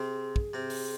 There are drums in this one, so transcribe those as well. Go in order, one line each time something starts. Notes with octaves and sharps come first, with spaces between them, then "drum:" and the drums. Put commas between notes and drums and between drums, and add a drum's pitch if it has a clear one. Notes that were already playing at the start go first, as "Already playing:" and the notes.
Already playing: C3 C4 G#4
drum: kick
C3 C4
drum: open hi-hat